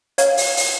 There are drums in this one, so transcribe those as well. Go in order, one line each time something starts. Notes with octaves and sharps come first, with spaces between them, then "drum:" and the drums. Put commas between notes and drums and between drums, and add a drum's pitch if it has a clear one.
C#5 F5, drum: hi-hat
drum: open hi-hat
drum: open hi-hat